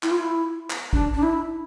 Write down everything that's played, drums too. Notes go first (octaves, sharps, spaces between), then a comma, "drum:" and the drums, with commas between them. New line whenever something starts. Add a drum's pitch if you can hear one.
E4, drum: clap
F4
E4
drum: clap
D4, drum: kick
D4
E4